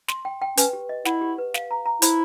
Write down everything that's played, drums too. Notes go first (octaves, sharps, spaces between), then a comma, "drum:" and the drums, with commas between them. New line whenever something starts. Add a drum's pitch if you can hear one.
C6, drum: snare
G5
G5
C#4 B4, drum: hi-hat
G4
D#5
E4 F#5, drum: snare
G4
B4
F5, drum: snare
A#5
A#5
E4 C5, drum: hi-hat